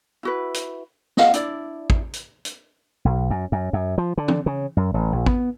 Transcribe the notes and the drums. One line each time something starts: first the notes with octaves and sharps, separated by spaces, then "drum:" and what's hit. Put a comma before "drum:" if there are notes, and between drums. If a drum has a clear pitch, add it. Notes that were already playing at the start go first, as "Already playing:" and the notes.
E4 F#4 B4
drum: hi-hat
G#4 D#5 F5 F#5, drum: snare
D4 E4 D5, drum: hi-hat
drum: kick
drum: hi-hat
drum: hi-hat
B1
F#2
F#2
F#2
F3
D3
drum: tom
C#3
F#2
A1
A#1
B3, drum: kick